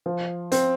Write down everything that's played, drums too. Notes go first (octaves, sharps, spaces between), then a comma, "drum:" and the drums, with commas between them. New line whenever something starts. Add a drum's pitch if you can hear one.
F3
C4, drum: hi-hat